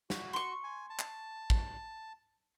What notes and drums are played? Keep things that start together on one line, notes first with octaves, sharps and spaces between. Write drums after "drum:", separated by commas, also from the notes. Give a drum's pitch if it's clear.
F#4, drum: snare
C6 C#6
G#5
A5
drum: clap
drum: kick